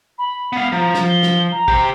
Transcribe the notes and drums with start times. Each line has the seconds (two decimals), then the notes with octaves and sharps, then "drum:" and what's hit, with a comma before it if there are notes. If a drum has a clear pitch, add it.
0.18 B5
0.53 B3 F5
0.72 F3 A#5
0.95 drum: snare
1.10 G7
1.23 drum: snare
1.52 A#5
1.68 G4 C5, drum: kick